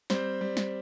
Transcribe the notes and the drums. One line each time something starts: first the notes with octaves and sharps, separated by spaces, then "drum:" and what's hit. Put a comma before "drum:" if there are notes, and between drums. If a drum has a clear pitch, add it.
G3 C4 C5, drum: snare
G3
drum: snare